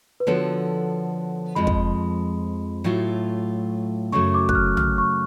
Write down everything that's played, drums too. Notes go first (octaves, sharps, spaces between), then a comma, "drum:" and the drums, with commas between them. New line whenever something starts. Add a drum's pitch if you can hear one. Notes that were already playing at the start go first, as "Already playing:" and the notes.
B4
D3 F3 B3 F#4 A4 C#5
F2 F3 G#3 B5
drum: kick
A2 F#3 A3 F4
F#2 C#3 F#3 A3 C#6
D6
F#6, drum: kick
F6
F6, drum: tom
C#6